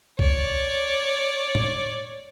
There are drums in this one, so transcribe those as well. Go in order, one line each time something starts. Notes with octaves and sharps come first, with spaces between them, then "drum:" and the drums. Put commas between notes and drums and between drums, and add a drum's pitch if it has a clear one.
C#5 D5, drum: kick C2
drum: tom